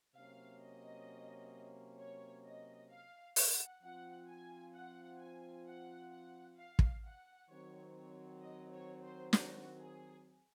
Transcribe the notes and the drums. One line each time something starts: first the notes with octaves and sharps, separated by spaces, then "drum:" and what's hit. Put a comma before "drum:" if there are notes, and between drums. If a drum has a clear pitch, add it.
C3 F#3 A#3 C#4 F5
D#5
C#5
D#5
F5
F#5, drum: open hi-hat
F3 C4 F4 F#5
G#5
F#5
G#5
F#5
F#5
F5
drum: kick
F#5
D#3 F#3 C4 C#5
C#5
D#5
C#5
C5
F#4, drum: snare
G#4